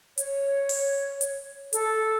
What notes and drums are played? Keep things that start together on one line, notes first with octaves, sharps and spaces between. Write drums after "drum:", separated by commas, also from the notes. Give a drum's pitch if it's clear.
C#5, drum: hi-hat
drum: open hi-hat
drum: hi-hat
A4, drum: hi-hat